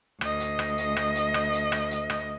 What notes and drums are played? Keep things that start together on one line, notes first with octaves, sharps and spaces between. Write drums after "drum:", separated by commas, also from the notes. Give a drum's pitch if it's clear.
D2 D#5, drum: rim click
drum: hi-hat
drum: rim click
drum: hi-hat
drum: rim click
drum: hi-hat
drum: rim click
drum: hi-hat
drum: rim click
drum: hi-hat
drum: rim click